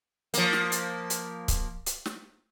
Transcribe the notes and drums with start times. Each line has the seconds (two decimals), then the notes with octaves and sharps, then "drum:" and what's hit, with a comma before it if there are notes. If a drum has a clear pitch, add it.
0.34 F3 A#3, drum: hi-hat
0.53 drum: snare
0.72 drum: hi-hat
1.10 drum: hi-hat
1.48 drum: kick C#1, hi-hat
1.86 drum: hi-hat
2.06 drum: snare